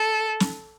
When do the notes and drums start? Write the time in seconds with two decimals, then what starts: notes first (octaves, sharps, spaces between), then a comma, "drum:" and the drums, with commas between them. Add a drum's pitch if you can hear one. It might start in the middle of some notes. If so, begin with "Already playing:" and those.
Already playing: A4
0.40 drum: snare